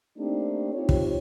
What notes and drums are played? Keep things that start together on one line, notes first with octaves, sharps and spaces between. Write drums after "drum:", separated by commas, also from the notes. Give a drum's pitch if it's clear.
A3 A#3 C4 D4 D#4 G4
C4 D#4 F4 G4 C#5
drum: kick